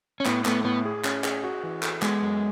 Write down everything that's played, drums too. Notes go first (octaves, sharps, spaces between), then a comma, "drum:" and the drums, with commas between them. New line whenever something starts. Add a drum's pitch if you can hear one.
C#4
A2 B3, drum: clap
A3 B3, drum: clap
A2 B3
G#4
C#4, drum: clap
G#4, drum: clap
F#4
E3
A4, drum: clap
G#3 B3, drum: clap
F#2